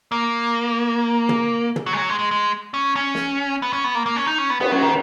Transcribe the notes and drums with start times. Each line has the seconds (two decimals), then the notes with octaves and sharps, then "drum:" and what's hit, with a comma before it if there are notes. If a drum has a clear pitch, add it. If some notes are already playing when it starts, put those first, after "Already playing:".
0.12 A#3
1.29 drum: tom
1.76 drum: tom
1.86 F#3
1.93 G#3
1.97 F#3
2.09 G#3
2.19 G#3
2.31 G#3
2.74 C#4
2.96 C#4
3.14 drum: snare
3.62 B3
3.73 C#4
3.84 B3
3.95 A#3
4.06 A#3
4.16 C#4
4.27 D#4
4.38 C#4
4.50 B3
4.61 B3, drum: cymbal
4.72 F#3
4.83 D#3